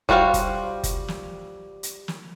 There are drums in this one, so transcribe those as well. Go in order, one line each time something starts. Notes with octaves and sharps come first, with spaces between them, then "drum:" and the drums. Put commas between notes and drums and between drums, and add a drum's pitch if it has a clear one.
G3 F4 F#4 C5 F5, drum: kick F#1
drum: kick F#1, hi-hat
drum: kick F#1, hi-hat
drum: snare
drum: hi-hat
drum: snare